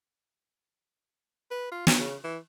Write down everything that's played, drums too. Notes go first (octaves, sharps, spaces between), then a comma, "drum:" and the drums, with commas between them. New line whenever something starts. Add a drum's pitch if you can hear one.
B4
F4
F#3, drum: snare
C#3
E3